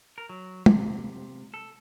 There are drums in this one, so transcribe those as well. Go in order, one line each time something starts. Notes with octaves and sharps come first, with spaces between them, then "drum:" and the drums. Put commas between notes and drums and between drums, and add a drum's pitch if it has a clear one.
A#4
F#3
C3, drum: tom
A4